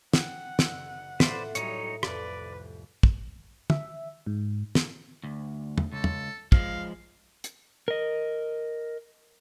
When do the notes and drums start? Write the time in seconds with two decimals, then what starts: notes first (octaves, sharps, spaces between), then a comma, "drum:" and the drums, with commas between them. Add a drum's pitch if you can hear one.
0.13 F#5 G5, drum: snare
0.59 F#1 E6 F#6, drum: snare
1.20 A2 F4 B4 C5 D5 E5, drum: snare
1.55 A2 F#3 G3 D#4 C#5, drum: hi-hat
2.03 C2 F2 B4 D5, drum: rim click
3.03 drum: kick
3.70 E5, drum: tom
4.27 G#2
4.75 drum: snare
5.24 D2
5.78 drum: tom
5.92 C#2 A4
6.04 drum: tom
6.52 F3 G#3 F5, drum: kick
7.44 drum: hi-hat
7.88 A#4 D#5